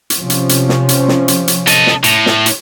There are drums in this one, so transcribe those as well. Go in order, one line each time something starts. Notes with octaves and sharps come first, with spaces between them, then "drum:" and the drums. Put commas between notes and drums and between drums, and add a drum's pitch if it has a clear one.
drum: hi-hat
C3 F3 C#4
drum: hi-hat
drum: hi-hat
drum: snare
drum: hi-hat
drum: snare
drum: hi-hat
drum: hi-hat
A4 D#5, drum: hi-hat
drum: snare
A2, drum: hi-hat
drum: snare
drum: hi-hat